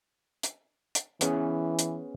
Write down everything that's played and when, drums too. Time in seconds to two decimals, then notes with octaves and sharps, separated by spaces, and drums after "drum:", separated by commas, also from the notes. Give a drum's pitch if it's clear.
0.43 drum: hi-hat
0.95 drum: hi-hat
1.21 E3 B3 C#4 G#4, drum: hi-hat
1.79 drum: hi-hat